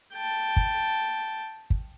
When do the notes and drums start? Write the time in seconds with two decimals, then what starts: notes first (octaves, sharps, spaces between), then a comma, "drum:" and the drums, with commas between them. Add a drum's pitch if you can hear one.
0.14 G5 A5
0.57 drum: kick
1.70 drum: kick